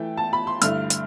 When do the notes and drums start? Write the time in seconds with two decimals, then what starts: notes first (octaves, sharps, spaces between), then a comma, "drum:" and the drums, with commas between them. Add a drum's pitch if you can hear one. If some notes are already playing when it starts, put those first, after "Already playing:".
Already playing: E3 A3 G5
0.17 A5
0.33 B5
0.47 C6
0.61 G2 D3 A3 E4 F6, drum: hi-hat
0.90 drum: hi-hat